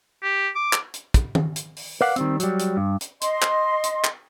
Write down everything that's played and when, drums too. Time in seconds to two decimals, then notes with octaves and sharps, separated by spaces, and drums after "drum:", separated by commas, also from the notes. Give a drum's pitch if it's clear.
0.23 G4
0.55 D6
0.73 drum: clap
0.94 drum: hi-hat
1.14 drum: kick, hi-hat
1.35 drum: tom D#3
1.56 drum: hi-hat
1.76 drum: open hi-hat
2.01 A#4 B4 D5 F5 F#5
2.16 D#3 G3 C4, drum: hi-hat
2.40 F#3 G3, drum: hi-hat
2.59 drum: hi-hat
2.77 G2
3.01 drum: hi-hat
3.21 D#5 C6, drum: hi-hat
3.42 drum: clap
3.84 drum: hi-hat
4.04 drum: clap